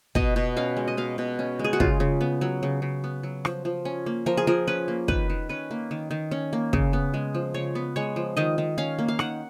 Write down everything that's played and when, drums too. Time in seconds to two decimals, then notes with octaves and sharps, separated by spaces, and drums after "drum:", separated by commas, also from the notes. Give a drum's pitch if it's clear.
0.15 B2 D#5, drum: kick
0.36 B2
0.57 C#4 F5
0.77 G#3
0.88 D#5
0.97 B2 F5
1.18 B2
1.39 C#4
1.59 G#3
1.64 G#4
1.73 F#4
1.80 C#3 F4, drum: kick
2.00 C#3
2.21 B3
2.41 F#3
2.63 C#3
2.82 C#3
3.04 B3
3.23 F#3
3.45 F3, drum: rim click
3.65 F3
3.85 C#4
4.06 A#3
4.26 F3 A#4
4.37 G#4
4.47 F3 A#4
4.67 C#4 B4
4.88 A#3
5.08 D#3 B4, drum: kick
5.30 D#3
5.49 C#4 B4
5.71 A#3
5.91 D#3
6.11 D#3
6.31 C#4
6.53 A#3
6.73 C#3, drum: kick
6.93 B3
7.14 G#3
7.34 F3
7.54 C#3 C#5
7.75 B3
7.96 G#3 C#5
8.16 F3
8.37 D#3 D#5
8.58 D#3
8.78 C#4 F5
8.99 A#3
9.08 F5
9.19 D#3 F#5, drum: rim click